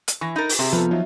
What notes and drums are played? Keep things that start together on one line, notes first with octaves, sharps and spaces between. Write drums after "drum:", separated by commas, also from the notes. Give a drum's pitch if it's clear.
drum: hi-hat
E3 C#6 A#6
D#4 A#4 B5 A6
drum: open hi-hat
C3 C4 G4 G#4
F3 B3 F4 A4 B4
F#3 D#4 F4 E5